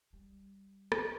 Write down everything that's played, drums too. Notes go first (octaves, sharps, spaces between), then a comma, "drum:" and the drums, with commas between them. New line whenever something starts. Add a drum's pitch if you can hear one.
G3
D#3, drum: rim click